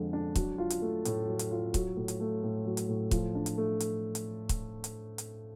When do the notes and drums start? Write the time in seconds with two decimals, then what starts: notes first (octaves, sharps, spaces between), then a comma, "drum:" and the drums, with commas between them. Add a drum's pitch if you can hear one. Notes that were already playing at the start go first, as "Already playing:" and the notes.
Already playing: F2 D3 G#3
0.13 D4
0.35 F#3, drum: kick C#1, hi-hat
0.58 F4
0.70 drum: hi-hat
0.82 A3
1.05 A2, drum: hi-hat
1.28 F#3
1.39 drum: hi-hat
1.51 F4
1.74 F#3, drum: kick C#1, hi-hat
1.97 A2
2.08 drum: hi-hat
2.20 A3
2.43 A2
2.66 F#3
2.77 drum: hi-hat
2.89 A2
3.11 F3, drum: kick C#1, hi-hat
3.35 D4
3.46 drum: hi-hat
3.58 A3
3.80 drum: hi-hat
4.15 drum: hi-hat
4.49 drum: kick C#1, hi-hat
4.84 drum: hi-hat
5.18 drum: hi-hat